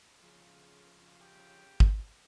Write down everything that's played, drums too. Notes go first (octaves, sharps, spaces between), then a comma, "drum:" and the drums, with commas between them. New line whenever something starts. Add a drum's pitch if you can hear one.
C#3 F3
G4
drum: kick